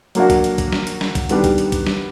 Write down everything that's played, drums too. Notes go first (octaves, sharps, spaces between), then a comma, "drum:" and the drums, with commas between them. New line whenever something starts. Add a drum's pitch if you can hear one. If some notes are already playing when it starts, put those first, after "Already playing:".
F#3 A#3 D4 F#4, drum: hi-hat
drum: kick, hi-hat
drum: hi-hat
drum: kick, hi-hat
drum: snare
drum: hi-hat
drum: snare
drum: kick, hi-hat
D#3 G3 B3 D4 G4, drum: hi-hat
drum: kick, hi-hat
drum: hi-hat
drum: kick, hi-hat
drum: snare